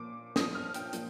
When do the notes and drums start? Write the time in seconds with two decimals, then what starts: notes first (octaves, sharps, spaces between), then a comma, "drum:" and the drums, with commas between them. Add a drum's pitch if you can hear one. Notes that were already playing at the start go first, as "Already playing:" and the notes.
Already playing: A#2 F3 D6
0.36 A#2 F3 D#6, drum: snare
0.55 F6
0.74 G5, drum: hi-hat
0.93 A#2 F3, drum: hi-hat